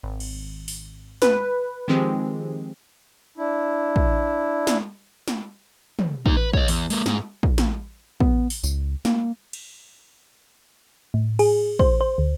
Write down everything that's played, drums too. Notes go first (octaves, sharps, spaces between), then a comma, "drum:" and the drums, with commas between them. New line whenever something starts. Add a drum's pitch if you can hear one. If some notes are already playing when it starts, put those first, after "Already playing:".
G#1
drum: cymbal
drum: open hi-hat
B4, drum: snare
D#3 F3 G#3 C4 G4 G#4
D4 E4
drum: kick
drum: snare
drum: snare
drum: tom
A#3 D#4, drum: kick
B4
C#5 D#5, drum: kick
E2, drum: open hi-hat
G#3 A#3, drum: open hi-hat
G#2, drum: snare
drum: kick
drum: snare
B3, drum: kick
drum: open hi-hat
C#2, drum: tambourine
A#3, drum: snare
drum: cymbal
A2
G#4, drum: cymbal
C5, drum: kick
C5
D2